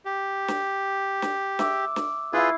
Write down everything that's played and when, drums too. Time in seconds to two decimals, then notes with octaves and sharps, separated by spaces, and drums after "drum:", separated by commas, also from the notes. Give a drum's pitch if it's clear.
0.05 G4
0.48 drum: snare
1.22 drum: snare
1.59 E5 D6, drum: snare
1.96 drum: snare
2.33 E4 F4 G#4 B4 F5